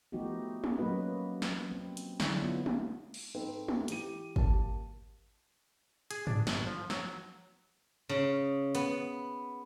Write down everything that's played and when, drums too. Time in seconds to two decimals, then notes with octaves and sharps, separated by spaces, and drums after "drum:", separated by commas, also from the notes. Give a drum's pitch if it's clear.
0.12 F3 A3 B3 D#4 F#4 G4
0.64 drum: tom
0.78 F#3 A#3 C#4 F#4 B4 D#5
1.42 drum: snare
1.72 C4
1.97 drum: hi-hat
2.20 D3 F#3 G#3 D4 E4, drum: snare
2.42 B3 F4
2.66 drum: tom
3.14 drum: cymbal
3.35 G#2 C4 D#4 A4 B4
3.68 drum: tom
3.88 E3 G4 D#7, drum: hi-hat
4.36 A#3 G4 A5, drum: kick G#1
6.11 G#4, drum: hi-hat
6.27 D4, drum: tom
6.47 G1, drum: snare
6.67 F3
6.90 F#3, drum: snare
8.09 C#3
8.75 B3, drum: hi-hat